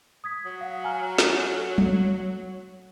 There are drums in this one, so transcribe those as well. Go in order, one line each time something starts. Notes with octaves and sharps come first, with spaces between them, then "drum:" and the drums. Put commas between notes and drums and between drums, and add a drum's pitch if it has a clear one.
D#6 G#6 B6
F#3
F5 F#5
G#5 A#5 F6
drum: snare
A4
drum: tom F#3